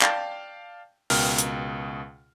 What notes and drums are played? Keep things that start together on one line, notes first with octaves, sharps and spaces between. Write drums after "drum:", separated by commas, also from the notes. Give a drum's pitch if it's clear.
D5 F5 G5 A5 G6, drum: clap
C#2 B2 A#4 G5 F6, drum: open hi-hat
drum: hi-hat